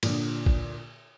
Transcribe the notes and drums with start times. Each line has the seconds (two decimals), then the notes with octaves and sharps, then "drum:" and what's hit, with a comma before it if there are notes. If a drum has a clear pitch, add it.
0.03 A#2 D3, drum: cymbal
0.46 drum: kick